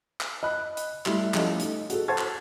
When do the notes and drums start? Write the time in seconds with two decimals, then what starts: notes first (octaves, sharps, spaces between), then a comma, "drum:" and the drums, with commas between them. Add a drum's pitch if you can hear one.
0.21 drum: clap
0.43 D#5 B5 F#6
0.77 drum: hi-hat
1.06 G3 A3 E4 A4, drum: clap
1.34 F3 A3 C#4 G4 A4 D#5, drum: clap
1.60 D#4, drum: hi-hat
1.90 F#4 G#4 A4, drum: hi-hat
2.08 C5 F#5 A5 C#6 G#6 A6
2.18 drum: clap